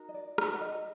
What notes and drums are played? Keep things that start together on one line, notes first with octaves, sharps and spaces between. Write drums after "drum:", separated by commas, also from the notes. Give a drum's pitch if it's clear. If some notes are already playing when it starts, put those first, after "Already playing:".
Already playing: D#4 F#4 A#4
D#5
D5
D#4 F#4 A#4 D5, drum: rim click
F#5
D#5